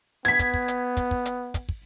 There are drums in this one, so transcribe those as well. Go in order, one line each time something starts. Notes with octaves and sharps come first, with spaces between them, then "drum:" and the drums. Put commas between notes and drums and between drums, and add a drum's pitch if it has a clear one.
B3 G#6 B6
drum: kick, hi-hat
drum: kick
drum: hi-hat
drum: kick, hi-hat
drum: kick
drum: hi-hat
drum: kick, hi-hat
drum: kick